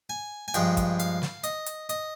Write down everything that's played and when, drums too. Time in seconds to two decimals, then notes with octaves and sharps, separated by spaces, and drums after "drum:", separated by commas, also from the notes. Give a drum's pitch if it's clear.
0.10 G#5
0.48 G#5
0.54 G2 F3 G#3 G5, drum: hi-hat
0.77 drum: kick, hi-hat
1.00 F5, drum: hi-hat
1.22 drum: snare
1.44 D#5, drum: hi-hat
1.66 drum: hi-hat
1.89 D#5, drum: hi-hat